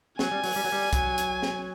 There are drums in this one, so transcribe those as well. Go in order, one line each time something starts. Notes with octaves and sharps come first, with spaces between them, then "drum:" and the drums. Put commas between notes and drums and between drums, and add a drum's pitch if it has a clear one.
F#3 G#5, drum: snare
G3
F#3, drum: open hi-hat
G3
F#3
G3
F#3, drum: kick, hi-hat
drum: hi-hat
drum: snare